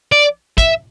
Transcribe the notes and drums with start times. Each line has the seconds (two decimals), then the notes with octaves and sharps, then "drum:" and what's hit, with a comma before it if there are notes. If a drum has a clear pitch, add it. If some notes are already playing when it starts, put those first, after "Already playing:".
0.12 D5
0.58 E5, drum: kick, hi-hat